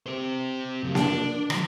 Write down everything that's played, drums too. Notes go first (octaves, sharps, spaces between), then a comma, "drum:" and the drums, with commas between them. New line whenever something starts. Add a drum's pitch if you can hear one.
G4 C5
F#2 C#3
D4, drum: snare A#3
D#3 F#3, drum: rim click